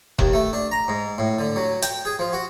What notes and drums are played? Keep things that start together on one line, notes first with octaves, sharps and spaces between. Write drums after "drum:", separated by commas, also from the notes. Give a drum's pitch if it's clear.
D#2, drum: kick F1
A3
D4
A#5
G#2
A2
D3
F#3
G5, drum: hi-hat
G#4
F3
F#4